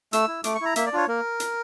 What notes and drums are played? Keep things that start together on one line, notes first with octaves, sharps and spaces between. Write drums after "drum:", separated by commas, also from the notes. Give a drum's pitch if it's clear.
A3 E6, drum: hi-hat
E4
A3 D6, drum: hi-hat
C#6
E4 A#5
A#3 E5, drum: hi-hat
D5
D4 F4 C#5
A#3 A#4
drum: hi-hat